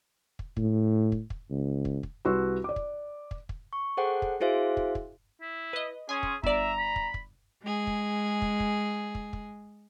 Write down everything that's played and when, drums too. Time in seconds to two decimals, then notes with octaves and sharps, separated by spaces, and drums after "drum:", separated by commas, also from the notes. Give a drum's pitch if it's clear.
0.39 drum: kick
0.57 A2, drum: kick
1.12 drum: kick
1.30 drum: kick
1.50 C#2
1.85 drum: kick
2.03 drum: kick
2.25 C2 F#4 B4 C6 E6
2.64 D5 D6
2.76 drum: kick
3.31 drum: kick
3.49 drum: kick
3.73 C#6
3.97 G#4 A4 C5 F#5 G5
4.22 drum: kick
4.40 E4 F#4 G#4 C5 E5 F5
4.77 drum: kick
4.95 drum: kick
5.41 E4
5.73 B4 D#5
6.09 C#4 G#4 G#5 C6
6.23 drum: kick
6.44 G1 D5 E5 A#5, drum: kick
6.78 B5
6.96 drum: kick
7.14 drum: kick
7.62 G#3 G#4
7.87 drum: kick
8.42 drum: kick
8.60 drum: kick
9.15 drum: kick
9.33 drum: kick